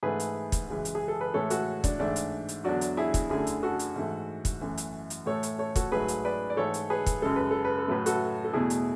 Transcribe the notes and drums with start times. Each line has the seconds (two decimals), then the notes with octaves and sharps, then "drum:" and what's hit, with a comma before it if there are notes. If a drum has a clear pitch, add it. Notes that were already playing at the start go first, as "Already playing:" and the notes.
0.03 G#2 E3 A3 G#4 B4
0.20 drum: hi-hat
0.52 drum: kick, hi-hat
0.68 F#2 C#3 E3 G#3
0.85 drum: hi-hat
0.95 G#4
1.08 A4
1.21 B4
1.34 A2 E3 G#3 A4 C#5
1.50 F#4 A4, drum: hi-hat
1.84 D4, drum: kick, hi-hat
1.99 G#2 E3 A3 D4
2.16 drum: hi-hat
2.49 drum: hi-hat
2.64 E2 D3 F#3 D4 F#4
2.81 drum: hi-hat
2.97 E4 G#4
3.14 drum: kick, hi-hat
3.30 F#2 D3 A3 E4 G#4
3.47 drum: hi-hat
3.63 F#4 A4
3.79 drum: hi-hat
3.96 G#2 E3 A3
4.45 drum: kick, hi-hat
4.61 F#2 E3 A3
4.77 drum: hi-hat
5.10 drum: hi-hat
5.26 A2 E3 A3 A4 C#5
5.43 drum: hi-hat
5.59 A4 C#5
5.76 F#4 A4, drum: kick, hi-hat
5.92 G#2 F#3 A3 G#4 B4
6.08 drum: hi-hat
6.25 B4 D5
6.50 D5
6.57 G#2 E3 A3 A4 C#5
6.74 drum: hi-hat
6.90 G#4 B4
7.06 drum: kick, hi-hat
7.22 F#2 C#3 G#3 A4
7.36 B4
7.51 A4
7.65 B4
7.78 A4
7.88 A2 F#3 A3 B4
8.06 F#4 A4, drum: hi-hat
8.44 A4
8.53 E2 B2 A3 E4 G#4
8.70 drum: hi-hat